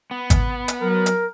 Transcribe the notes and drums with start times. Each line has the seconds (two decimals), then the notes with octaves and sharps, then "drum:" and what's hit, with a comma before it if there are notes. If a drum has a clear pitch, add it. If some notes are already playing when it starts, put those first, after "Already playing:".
0.11 B3
0.30 drum: kick G#1, hi-hat
0.68 drum: hi-hat
0.81 F#3 A#4
1.06 drum: hi-hat